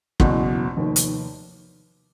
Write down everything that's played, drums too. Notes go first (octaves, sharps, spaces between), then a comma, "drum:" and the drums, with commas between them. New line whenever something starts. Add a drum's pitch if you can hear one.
F#1 E2 B2, drum: kick
F1 D#2 D#3
drum: hi-hat